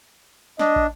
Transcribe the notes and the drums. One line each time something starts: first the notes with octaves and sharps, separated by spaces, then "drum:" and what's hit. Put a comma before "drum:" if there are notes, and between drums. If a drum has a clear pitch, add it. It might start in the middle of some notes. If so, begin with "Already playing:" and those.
D4 D#5, drum: snare
drum: kick